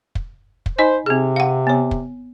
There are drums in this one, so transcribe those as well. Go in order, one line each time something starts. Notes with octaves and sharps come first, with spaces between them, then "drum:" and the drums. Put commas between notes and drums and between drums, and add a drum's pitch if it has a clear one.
drum: kick
drum: kick
D#4 C5 D#5 G#5
C3 C4 G#4
F5 F#5
B3 C#5
drum: kick